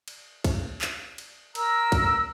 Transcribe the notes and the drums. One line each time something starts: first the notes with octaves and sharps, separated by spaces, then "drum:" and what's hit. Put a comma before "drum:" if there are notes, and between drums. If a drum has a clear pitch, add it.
drum: cymbal
drum: kick, cymbal
drum: clap
drum: cymbal
A#4 A#5 E6, drum: cymbal
drum: kick, cymbal